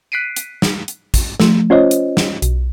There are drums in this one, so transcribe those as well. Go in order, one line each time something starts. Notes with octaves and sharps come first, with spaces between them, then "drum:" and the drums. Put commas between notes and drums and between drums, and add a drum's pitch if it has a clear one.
F#6 B6 C7 D7 D#7
drum: hi-hat
drum: snare
drum: hi-hat
drum: kick, hi-hat
F3 A3, drum: snare
C#4 F4 C5 C#5 D#5
drum: hi-hat
drum: snare
B1, drum: hi-hat